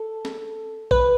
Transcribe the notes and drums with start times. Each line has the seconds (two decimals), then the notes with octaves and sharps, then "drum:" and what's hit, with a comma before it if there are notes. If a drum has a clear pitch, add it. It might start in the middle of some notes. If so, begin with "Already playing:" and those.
Already playing: A4
0.25 drum: snare
0.91 B4, drum: kick A#1